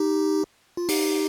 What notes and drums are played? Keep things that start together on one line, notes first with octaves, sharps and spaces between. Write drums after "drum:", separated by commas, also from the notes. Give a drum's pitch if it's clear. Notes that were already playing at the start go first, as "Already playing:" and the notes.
Already playing: D#4 G4
F4
D#4 G4, drum: open hi-hat